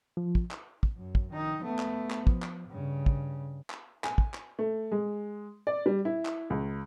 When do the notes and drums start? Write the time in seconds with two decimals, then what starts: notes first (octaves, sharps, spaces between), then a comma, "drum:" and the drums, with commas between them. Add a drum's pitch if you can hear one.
0.17 F3
0.35 drum: kick
0.51 drum: clap
0.83 drum: kick
0.96 F#2
1.15 drum: kick
1.31 D#3 D#4
1.63 A3 B3
1.79 drum: clap
2.11 drum: clap
2.27 F3, drum: kick
2.43 drum: clap
2.68 G2 C#3
3.06 drum: kick
3.70 drum: clap
4.04 G#5, drum: clap
4.18 drum: kick
4.34 drum: clap
4.59 A3
4.92 G#3
5.67 D5
5.86 G3
6.05 E4
6.26 drum: clap
6.50 C#2